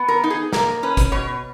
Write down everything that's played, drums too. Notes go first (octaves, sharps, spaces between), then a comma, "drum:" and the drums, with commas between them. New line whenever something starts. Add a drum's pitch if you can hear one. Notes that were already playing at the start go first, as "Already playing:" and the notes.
Already playing: B3
A#4
D#4
G#4
A#3 A#4, drum: snare
C#4 B4
drum: kick, hi-hat
B2 C#5